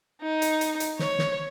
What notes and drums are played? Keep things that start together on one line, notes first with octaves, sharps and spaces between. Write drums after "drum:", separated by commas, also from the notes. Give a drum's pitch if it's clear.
D#4
drum: hi-hat
drum: hi-hat
drum: hi-hat
C#5, drum: snare
drum: snare